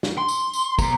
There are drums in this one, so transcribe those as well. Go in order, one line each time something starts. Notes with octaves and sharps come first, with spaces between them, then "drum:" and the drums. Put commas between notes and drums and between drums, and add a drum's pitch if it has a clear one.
drum: snare
C6
drum: tambourine
drum: tambourine
B2 A#5, drum: kick, tambourine